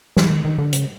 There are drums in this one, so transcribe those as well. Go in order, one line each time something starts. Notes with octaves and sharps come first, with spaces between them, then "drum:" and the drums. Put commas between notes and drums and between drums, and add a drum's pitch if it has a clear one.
E3, drum: snare
D#3
D#3
D3
C#3, drum: hi-hat